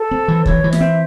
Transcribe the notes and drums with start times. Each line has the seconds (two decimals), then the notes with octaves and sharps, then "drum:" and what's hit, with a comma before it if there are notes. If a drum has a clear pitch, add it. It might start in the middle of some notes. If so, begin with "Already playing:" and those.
Already playing: A4
0.11 C4
0.28 E3
0.46 E3 C#5, drum: kick
0.64 E3
0.73 E5, drum: snare
0.81 C4